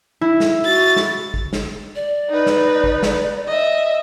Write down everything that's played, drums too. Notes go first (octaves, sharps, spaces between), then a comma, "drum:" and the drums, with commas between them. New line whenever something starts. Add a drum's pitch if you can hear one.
E4
drum: snare
F#4 A6
drum: snare
drum: kick
drum: snare
D5
D#4 B4
drum: snare
drum: kick
drum: snare
D#5 E5